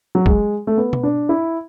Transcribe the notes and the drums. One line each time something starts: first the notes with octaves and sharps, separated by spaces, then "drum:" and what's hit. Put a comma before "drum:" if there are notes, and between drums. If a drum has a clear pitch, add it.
F#3
G#3, drum: kick
A3
B3
drum: tom B2
D4
E4